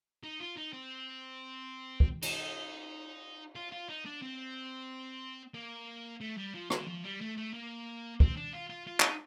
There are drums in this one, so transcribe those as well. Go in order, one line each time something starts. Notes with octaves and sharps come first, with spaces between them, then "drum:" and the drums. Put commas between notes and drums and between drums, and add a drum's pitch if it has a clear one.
D#4
F4
D#4
C4
drum: kick
D#4, drum: cymbal
F4
F4
D#4
D4
C4
A#3
A3
G3
F3
D3, drum: rim click
F3
G3
A3
A3
A#3
C4, drum: kick
D4
F4
F4
F4
D#4, drum: clap